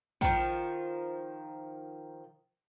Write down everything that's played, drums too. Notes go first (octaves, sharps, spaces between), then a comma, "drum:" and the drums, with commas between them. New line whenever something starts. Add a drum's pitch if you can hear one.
D#3 F3, drum: kick